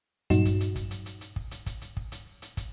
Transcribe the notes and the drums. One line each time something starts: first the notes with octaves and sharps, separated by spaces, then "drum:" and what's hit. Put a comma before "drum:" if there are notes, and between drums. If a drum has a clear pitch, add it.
G2 A#2 F#3 D#4 F#4 E7, drum: hi-hat
drum: kick, hi-hat
drum: hi-hat
drum: kick, hi-hat
drum: hi-hat
drum: hi-hat
drum: hi-hat
drum: kick
drum: hi-hat
drum: kick, hi-hat
drum: hi-hat
drum: kick
drum: hi-hat
drum: hi-hat
drum: kick, hi-hat